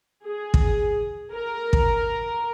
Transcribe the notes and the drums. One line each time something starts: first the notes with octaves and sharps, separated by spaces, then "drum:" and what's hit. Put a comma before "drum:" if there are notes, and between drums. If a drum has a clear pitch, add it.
G#4
drum: kick
A#4
drum: kick